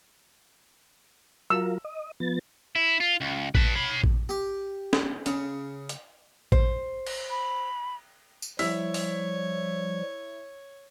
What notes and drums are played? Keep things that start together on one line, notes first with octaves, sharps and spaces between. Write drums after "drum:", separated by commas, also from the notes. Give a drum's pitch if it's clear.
F#3 F4 A#4 E6
D#5
F3 B3 A6
E4
F4
C#2
B4 A5, drum: kick A1
C#5 B5
drum: kick A1
G4
drum: snare C#4
C#3, drum: hi-hat
drum: hi-hat
C5, drum: kick A1
drum: cymbal
B5
drum: tambourine
F3 G3 E4 C#5 E6 B6, drum: open hi-hat
drum: open hi-hat